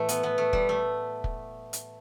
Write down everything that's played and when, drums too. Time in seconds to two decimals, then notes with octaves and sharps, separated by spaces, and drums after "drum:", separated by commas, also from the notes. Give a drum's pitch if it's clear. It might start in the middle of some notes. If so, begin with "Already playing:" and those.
Already playing: A2 E3 A3
0.09 B3, drum: hi-hat
0.23 B3
0.38 A3
0.53 G3, drum: kick
0.69 A3
1.24 drum: kick
1.73 drum: hi-hat